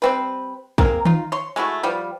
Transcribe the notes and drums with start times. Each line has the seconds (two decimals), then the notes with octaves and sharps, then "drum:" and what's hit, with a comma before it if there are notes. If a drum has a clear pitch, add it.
0.02 G3 C4 B4
0.78 G#3 A#3 C4 A#4, drum: kick
1.05 D#4 F4, drum: tom D#3
1.32 C#5 C6
1.56 G#3 A3 E4 F#4
1.83 F3 G3 B3